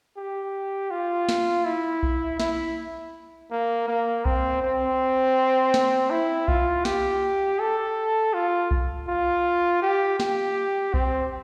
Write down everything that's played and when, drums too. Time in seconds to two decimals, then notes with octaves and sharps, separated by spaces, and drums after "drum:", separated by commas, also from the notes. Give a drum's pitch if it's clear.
0.17 G4
0.91 F4
1.29 drum: snare
1.65 E4
2.03 drum: kick B1
2.40 E4, drum: snare
3.51 A#3
3.88 A#3
4.25 C4, drum: kick B1
4.63 C4
5.74 drum: snare
6.11 E4
6.48 F4, drum: kick B1
6.85 G4, drum: snare
7.60 A4
8.34 F4
8.71 drum: kick B1
9.08 F4
9.82 G4
10.20 G4, drum: snare
10.94 C4, drum: kick B1